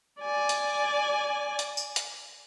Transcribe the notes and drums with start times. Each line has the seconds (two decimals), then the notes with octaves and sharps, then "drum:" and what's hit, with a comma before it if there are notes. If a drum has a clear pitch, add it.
0.21 D5 G#5
0.49 drum: hi-hat
1.59 drum: hi-hat
1.77 drum: tambourine
1.96 drum: hi-hat